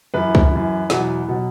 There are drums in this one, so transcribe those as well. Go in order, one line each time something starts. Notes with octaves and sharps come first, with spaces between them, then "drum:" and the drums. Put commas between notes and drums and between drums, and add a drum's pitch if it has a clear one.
F#2 E3 B4
drum: kick
F#2 E3
E2 B2 F#3, drum: snare
B2 F#3